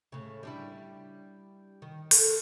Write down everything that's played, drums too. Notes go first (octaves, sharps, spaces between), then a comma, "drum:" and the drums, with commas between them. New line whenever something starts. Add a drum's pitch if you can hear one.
A2 C#3
G3 D4 E4
D#3
A4 A#4, drum: open hi-hat